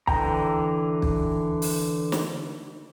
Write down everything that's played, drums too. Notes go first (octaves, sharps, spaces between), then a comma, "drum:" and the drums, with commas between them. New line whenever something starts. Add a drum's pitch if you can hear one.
D3 E3 G5 A#5, drum: kick
drum: kick
drum: open hi-hat
drum: snare